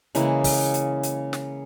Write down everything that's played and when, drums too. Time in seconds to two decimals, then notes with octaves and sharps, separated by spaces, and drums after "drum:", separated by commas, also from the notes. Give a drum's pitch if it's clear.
0.15 C#3 E3 G#3 A#3, drum: hi-hat
0.44 drum: kick, open hi-hat
0.74 drum: hi-hat
1.03 drum: hi-hat
1.33 drum: snare